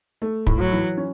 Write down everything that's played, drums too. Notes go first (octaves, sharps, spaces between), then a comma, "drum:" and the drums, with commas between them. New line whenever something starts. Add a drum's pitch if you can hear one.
A3
A2, drum: kick
F#3
E3
C#4